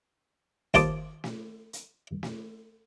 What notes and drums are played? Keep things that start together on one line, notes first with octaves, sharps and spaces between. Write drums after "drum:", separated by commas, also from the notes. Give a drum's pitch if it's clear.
D#2 F4 C5 A5 D6 D#6, drum: kick, hi-hat
drum: snare
drum: hi-hat
drum: snare